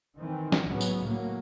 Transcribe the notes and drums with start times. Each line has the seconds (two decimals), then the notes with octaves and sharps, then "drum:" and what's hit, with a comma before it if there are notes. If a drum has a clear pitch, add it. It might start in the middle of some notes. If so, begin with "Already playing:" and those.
0.18 D#3 E3 C4
0.52 drum: snare
0.67 C#2 A2 C#3 F#3 B3
0.81 drum: tambourine
1.03 A2 F#3 A#3